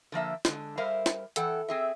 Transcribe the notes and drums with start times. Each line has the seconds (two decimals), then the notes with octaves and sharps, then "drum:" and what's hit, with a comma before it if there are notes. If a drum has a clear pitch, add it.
0.12 D3 F3 A#3 E5
0.45 D3 G#3, drum: snare
0.77 G3 A#4 C5 E5 F5
1.06 drum: snare
1.36 E3 A4 F#5 G5, drum: hi-hat
1.68 C4 G#4 E5